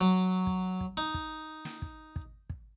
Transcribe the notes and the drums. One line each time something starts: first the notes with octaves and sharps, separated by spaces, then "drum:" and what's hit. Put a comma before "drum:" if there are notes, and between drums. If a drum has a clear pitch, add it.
F#3
drum: kick
drum: kick
D#4
drum: kick
drum: snare
drum: kick
drum: kick
drum: kick